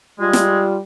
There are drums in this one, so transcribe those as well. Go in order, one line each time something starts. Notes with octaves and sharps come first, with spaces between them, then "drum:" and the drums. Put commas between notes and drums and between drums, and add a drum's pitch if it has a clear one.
G3 G#3 F4
drum: snare